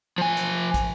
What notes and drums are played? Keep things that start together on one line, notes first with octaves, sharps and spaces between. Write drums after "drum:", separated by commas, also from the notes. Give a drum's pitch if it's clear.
F3 G#5
drum: hi-hat
drum: kick, hi-hat